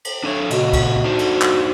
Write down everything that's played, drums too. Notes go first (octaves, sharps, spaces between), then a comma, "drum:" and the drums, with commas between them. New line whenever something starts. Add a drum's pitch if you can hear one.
drum: cymbal
D4 A4 C#5
A#2 C#3 F#4 D#5, drum: cymbal
drum: kick, cymbal
D4 D#4 C5
drum: cymbal
drum: clap